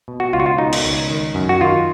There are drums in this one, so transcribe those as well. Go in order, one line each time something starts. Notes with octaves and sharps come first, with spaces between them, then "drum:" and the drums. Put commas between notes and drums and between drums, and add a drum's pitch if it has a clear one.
B2
F#4
C#2 F4
F#4
F4
B2 D#4
drum: cymbal
C#2
D#3
F#2
F#4
D#3 F4